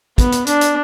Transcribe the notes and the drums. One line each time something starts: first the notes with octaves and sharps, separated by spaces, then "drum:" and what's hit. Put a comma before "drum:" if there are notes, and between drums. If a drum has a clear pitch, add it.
B3, drum: kick, hi-hat
drum: hi-hat
D4, drum: hi-hat
drum: hi-hat